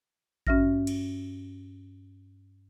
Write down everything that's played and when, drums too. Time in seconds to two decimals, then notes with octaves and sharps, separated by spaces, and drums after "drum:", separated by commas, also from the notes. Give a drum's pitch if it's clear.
0.47 G2 C#4 F#4 E5 F6 A#6, drum: kick A1
0.87 drum: cymbal